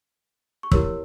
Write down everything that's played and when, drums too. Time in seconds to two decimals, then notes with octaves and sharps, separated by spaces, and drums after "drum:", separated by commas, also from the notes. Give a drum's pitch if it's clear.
0.63 C#6
0.71 E4 G4 A#4 C#5 E6, drum: kick